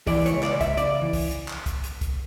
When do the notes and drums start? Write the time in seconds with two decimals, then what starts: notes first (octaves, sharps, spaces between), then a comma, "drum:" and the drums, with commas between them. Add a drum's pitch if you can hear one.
0.07 E3 D5, drum: kick, open hi-hat
0.26 C#5, drum: hi-hat
0.31 C#2
0.43 D5, drum: clap
0.55 C#2
0.61 E5, drum: kick, hi-hat
0.77 C#3 D5, drum: hi-hat
1.01 E3
1.13 drum: kick, open hi-hat
1.31 drum: hi-hat
1.48 drum: clap
1.66 drum: kick, hi-hat
1.84 drum: hi-hat
2.01 drum: kick, hi-hat